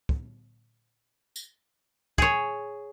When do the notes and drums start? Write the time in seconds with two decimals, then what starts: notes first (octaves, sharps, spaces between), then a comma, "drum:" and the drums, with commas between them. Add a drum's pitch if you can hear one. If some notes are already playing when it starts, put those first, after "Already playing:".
0.09 drum: kick
1.36 drum: tambourine
2.18 G#4 C#5, drum: kick